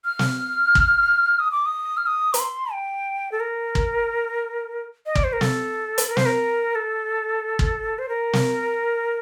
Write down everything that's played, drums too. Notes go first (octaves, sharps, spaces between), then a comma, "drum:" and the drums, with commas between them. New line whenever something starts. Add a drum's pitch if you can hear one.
F6
drum: snare
drum: kick
D#6
D6
D#6
F6
D#6
A#5, drum: hi-hat
C6
G5
A4
A#4
drum: kick
D#5
D5, drum: kick
C5
A#4
A4, drum: snare
drum: hi-hat
A#4
C5, drum: snare
A#4
A4
drum: kick
C5
A#4
drum: snare